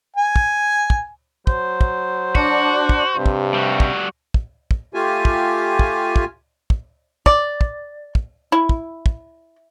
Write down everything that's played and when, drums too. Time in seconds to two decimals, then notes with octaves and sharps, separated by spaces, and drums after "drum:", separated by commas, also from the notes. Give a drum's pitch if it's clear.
0.16 G#5
0.36 drum: kick
0.90 drum: kick
1.47 F#3 C5, drum: kick
1.81 drum: kick
2.35 D4 F#4, drum: kick
2.89 drum: kick
3.16 G2 C3
3.26 drum: kick
3.54 G3 F#4
3.80 drum: kick
4.34 drum: kick
4.71 drum: kick
4.94 A3 F4 G4 G#5
5.25 drum: kick
5.79 drum: kick
6.16 drum: kick
6.70 drum: kick
7.26 D5, drum: kick
7.61 drum: kick
8.15 drum: kick
8.52 E4
8.69 drum: kick
9.06 drum: kick